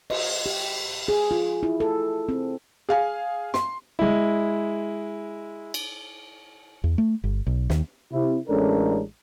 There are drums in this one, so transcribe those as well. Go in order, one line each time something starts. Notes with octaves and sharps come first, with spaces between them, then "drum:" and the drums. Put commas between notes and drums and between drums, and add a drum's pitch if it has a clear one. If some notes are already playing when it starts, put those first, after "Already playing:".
D#5, drum: cymbal
G4
G#4
F4
E4
A4
C4
G#4 F5 G#5
C6, drum: snare
G#3 E4
drum: cymbal
E2
A3
G1
B1
D#2, drum: snare
C3 E4
A1 G#3 C#4 D4 A4 A#4